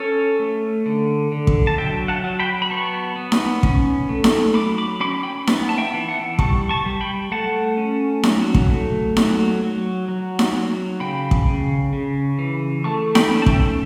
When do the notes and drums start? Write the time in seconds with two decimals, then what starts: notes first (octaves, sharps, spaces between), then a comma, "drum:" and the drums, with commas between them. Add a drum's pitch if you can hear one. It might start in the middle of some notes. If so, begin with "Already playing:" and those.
Already playing: C#4 A4 C#5
0.40 A3
0.86 D3
1.32 D3
1.47 drum: kick
1.67 A5
1.78 F#3 E5 G5
2.08 F#5 A5
2.24 F#3
2.40 G5 B5
2.62 B5
2.70 B3 A5 C#6
3.16 B3
3.32 drum: snare D#4
3.63 C#4, drum: kick
4.09 A3
4.24 drum: snare D#4
4.54 F#3 B5 D6
4.78 B5 D6
5.00 C#4 B5 D6
5.23 G5 B5
5.47 B3, drum: snare D#4
5.69 A5
5.78 E5 G5
5.94 E3
6.08 F#5 A5
6.39 G3 A5 C#6, drum: kick
6.69 A5 C#6
6.85 G3
7.01 G5 B5
7.32 A3 F#5 A5
7.77 C#4
8.23 F#3, drum: snare D#4
8.54 drum: kick
8.70 A3
9.17 F#3, drum: snare D#4
9.63 F#3
10.08 F#3
10.39 drum: snare D#4
10.54 F#3
11.00 C#3 G5 B5
11.31 drum: kick
11.46 C#3
11.93 C#3
12.39 E3
12.84 A3 A5 C#6
13.15 G5 B5, drum: snare D#4
13.31 C#4
13.42 A5
13.46 E5 G5, drum: kick